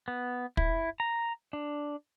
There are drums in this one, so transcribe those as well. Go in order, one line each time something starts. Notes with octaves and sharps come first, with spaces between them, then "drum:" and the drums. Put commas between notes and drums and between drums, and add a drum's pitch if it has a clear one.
B3
E4, drum: kick
A#5
D4